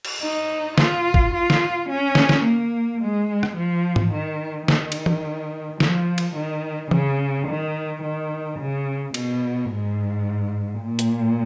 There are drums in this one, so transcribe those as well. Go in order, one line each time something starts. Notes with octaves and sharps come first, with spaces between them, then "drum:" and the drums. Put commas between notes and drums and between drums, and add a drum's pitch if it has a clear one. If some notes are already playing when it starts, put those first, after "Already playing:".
drum: cymbal
D#4
F4, drum: snare
drum: kick
F4
drum: snare
C#4
drum: snare
drum: snare
A#3
G#3
drum: rim click
F3
drum: tom G#2
D#3
D#3, drum: snare
drum: cymbal
drum: tom E3
F3, drum: snare
drum: cymbal
D#3
C#3, drum: tom E3
D#3
D#3
C#3
B2, drum: cymbal
G#2
A#2
drum: hi-hat